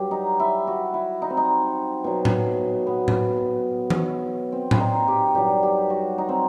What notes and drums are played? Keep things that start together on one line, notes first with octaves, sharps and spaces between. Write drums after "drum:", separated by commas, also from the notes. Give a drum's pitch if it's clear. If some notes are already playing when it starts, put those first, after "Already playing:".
Already playing: G2 F#3 G4
D#4
E4
F#4
E4
D#4
C4
D#4
B2 F#3
drum: tom A2
B3
drum: tom A2
drum: tom E3
C4
C4, drum: tom A2
D#4
G4
G2 F#3 G4
G4
F#4
D#4
C4